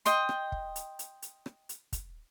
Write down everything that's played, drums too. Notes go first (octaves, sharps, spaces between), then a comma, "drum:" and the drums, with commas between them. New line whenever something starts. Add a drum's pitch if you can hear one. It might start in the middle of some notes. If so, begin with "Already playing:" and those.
D#5 G5 C6, drum: hi-hat
drum: rim click
drum: kick
drum: hi-hat
drum: hi-hat
drum: hi-hat
drum: rim click
drum: hi-hat
drum: kick, hi-hat